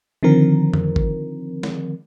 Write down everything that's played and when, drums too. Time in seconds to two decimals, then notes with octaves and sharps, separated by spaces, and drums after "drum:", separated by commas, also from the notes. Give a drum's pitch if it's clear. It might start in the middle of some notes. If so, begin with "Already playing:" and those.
0.23 D3 D#3 F3 C4 A#4
0.74 drum: tom F2
0.96 drum: kick
1.63 drum: snare